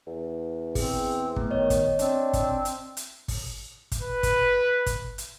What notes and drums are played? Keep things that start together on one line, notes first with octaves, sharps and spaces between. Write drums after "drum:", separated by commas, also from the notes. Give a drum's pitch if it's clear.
E2
C4 G#4, drum: kick, open hi-hat
A3 B3, drum: kick
D#3 C#5 D#5
drum: kick, hi-hat
C4 D4, drum: hi-hat
drum: kick, hi-hat
drum: hi-hat
drum: hi-hat
drum: kick, open hi-hat
drum: kick, hi-hat
B4
drum: kick, hi-hat
drum: kick, hi-hat
drum: hi-hat